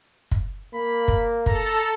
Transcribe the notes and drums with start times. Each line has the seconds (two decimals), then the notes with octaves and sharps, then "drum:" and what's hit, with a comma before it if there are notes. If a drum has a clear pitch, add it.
0.31 drum: kick
0.74 A#3 B5
1.08 drum: kick
1.46 A4 A#5, drum: kick